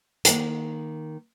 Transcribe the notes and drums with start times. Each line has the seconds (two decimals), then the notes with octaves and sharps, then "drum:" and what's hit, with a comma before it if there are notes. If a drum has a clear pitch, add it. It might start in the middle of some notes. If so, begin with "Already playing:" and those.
0.25 D#3 A#3, drum: hi-hat